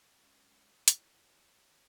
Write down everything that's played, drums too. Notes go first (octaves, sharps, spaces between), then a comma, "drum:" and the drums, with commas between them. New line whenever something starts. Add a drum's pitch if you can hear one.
E2 A#2 F#3 G#3 C#4
E4 G4 C#5, drum: hi-hat